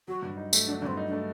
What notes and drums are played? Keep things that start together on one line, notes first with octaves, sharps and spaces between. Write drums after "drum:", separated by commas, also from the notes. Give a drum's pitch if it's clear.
F#3 F#4
G2
D#4
A3, drum: tambourine
F#3 D4
D4
G2 C4
D#4
D4
A3